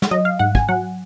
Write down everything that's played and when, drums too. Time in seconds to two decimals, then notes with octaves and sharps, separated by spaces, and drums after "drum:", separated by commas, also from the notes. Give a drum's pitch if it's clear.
0.02 drum: snare
0.11 F#3 D#5
0.25 F5
0.39 G#2 F#5
0.55 G#5, drum: kick
0.69 F#3 F#5